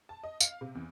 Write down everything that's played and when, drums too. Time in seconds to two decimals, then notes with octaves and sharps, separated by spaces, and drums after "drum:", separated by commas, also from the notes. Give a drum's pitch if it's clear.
0.09 A5
0.24 D#5
0.40 F5, drum: tambourine
0.61 C3
0.75 E2